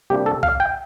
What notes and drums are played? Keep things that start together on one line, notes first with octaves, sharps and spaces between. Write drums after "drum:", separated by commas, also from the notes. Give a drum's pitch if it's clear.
C3 G3 A#3 D4 G4
A4
F5, drum: kick C2
G5